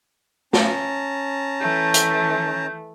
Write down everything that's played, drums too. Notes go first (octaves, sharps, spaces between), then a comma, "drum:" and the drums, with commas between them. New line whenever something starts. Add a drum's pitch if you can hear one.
C#4 A5 A#5, drum: snare
E3 A3 G6
drum: hi-hat